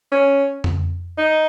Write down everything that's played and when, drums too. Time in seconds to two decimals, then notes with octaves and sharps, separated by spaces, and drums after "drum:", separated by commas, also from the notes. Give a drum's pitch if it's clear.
0.12 C#4
0.64 drum: tom F2
1.18 D#4